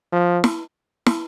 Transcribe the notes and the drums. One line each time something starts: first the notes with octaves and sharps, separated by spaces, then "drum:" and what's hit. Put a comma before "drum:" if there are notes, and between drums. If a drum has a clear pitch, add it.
F3
drum: snare
drum: snare